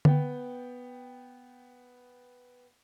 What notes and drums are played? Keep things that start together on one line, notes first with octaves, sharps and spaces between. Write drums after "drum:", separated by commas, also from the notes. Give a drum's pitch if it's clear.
B3 G5, drum: tom D3